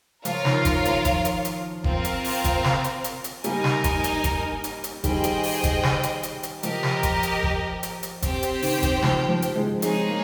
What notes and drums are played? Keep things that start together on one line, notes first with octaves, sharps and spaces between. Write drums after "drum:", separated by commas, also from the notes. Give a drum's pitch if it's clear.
F3 F4 A#4 C#5 F5, drum: hi-hat
D#3, drum: snare
D#3, drum: kick F#1, hi-hat
F3, drum: hi-hat
drum: kick F#1, hi-hat
drum: hi-hat
drum: hi-hat
C4 F4 A#4 F5, drum: kick F#1
drum: hi-hat
drum: open hi-hat
drum: kick F#1, hi-hat
drum: snare
drum: hi-hat
drum: hi-hat
drum: hi-hat
G3 A#3 D#4 A#4 D#5 G#5, drum: hi-hat
drum: snare
drum: kick F#1, hi-hat
drum: hi-hat
drum: kick F#1, hi-hat
drum: hi-hat
drum: hi-hat
D#3 G3 G#4 C5 D#5 G5, drum: kick F#1, hi-hat
drum: hi-hat
drum: open hi-hat
drum: kick F#1, hi-hat
drum: snare
drum: hi-hat
drum: hi-hat
drum: hi-hat
F3 G4 A#4 D#5, drum: hi-hat
drum: snare
drum: kick F#1, hi-hat
drum: hi-hat
drum: kick F#1
drum: hi-hat
drum: hi-hat
C4 G4 C5 G5, drum: kick F#1, hi-hat
drum: hi-hat
D#3, drum: open hi-hat
drum: kick F#1, hi-hat
F3, drum: snare
F3
drum: hi-hat
F3 G#3
G#3 C4 D#4 G#4 C#5, drum: hi-hat
A#3